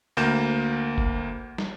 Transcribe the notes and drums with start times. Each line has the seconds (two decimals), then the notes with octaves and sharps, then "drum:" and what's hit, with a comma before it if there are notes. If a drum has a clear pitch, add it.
0.17 D2 A#3 A#4 G6 E7
0.98 drum: kick F#1
1.58 drum: snare